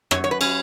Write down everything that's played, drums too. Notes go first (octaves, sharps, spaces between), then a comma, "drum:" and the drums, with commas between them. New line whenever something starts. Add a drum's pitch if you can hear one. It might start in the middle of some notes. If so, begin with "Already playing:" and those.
F#2 C#5, drum: rim click
C#5
B4
C#4, drum: cymbal